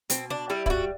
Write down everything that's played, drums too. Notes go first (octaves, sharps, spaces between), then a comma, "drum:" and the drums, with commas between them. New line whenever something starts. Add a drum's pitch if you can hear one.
B2 C4, drum: hi-hat
D4
G3 E4
E4, drum: kick
F#4